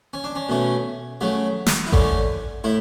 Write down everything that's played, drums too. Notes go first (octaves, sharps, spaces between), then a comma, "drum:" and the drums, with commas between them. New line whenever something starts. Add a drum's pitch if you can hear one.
C#4
D4
C#4
B2 A3 C#4
C#3 F#3 A3
drum: snare
E4
D3 A3 C#4 D4, drum: kick A1
A2 E4